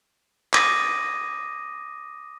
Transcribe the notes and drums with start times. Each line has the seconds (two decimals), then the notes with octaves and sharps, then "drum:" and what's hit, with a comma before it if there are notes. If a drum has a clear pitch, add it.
0.54 D6 D#6 A#6 D#7, drum: clap